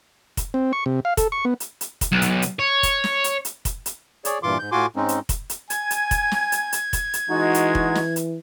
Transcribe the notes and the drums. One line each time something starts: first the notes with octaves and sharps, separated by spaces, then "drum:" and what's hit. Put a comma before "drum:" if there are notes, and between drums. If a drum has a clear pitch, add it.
drum: kick F1, hi-hat
C4
C#6
C3
F5
A4, drum: kick F1, hi-hat
C#6
B3
drum: hi-hat
drum: hi-hat
drum: kick F1, hi-hat
B1
drum: hi-hat
drum: hi-hat
C#5
drum: kick F1, hi-hat
drum: snare
drum: hi-hat
drum: hi-hat
drum: kick F1, hi-hat
drum: hi-hat
G#4 C#5 D5, drum: hi-hat
G2 A#2 E3 F4 C6 D6
G#2 G6
A2 F4 F#4 G#5 C6 D6
G#2 G#3 C4 C#4 D#4
drum: hi-hat
drum: kick F1, hi-hat
drum: hi-hat
G#5 G#6, drum: hi-hat
drum: hi-hat
drum: kick F1, hi-hat
drum: snare
drum: hi-hat
drum: hi-hat
drum: kick F1, hi-hat
drum: hi-hat
E3 G#3 D#4 F#4
drum: hi-hat
drum: kick F1
drum: snare
drum: hi-hat